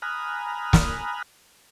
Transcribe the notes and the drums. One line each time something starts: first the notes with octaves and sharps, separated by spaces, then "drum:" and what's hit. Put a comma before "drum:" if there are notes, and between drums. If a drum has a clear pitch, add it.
G#5 A#5 B5 D#6 F6 F#6
drum: snare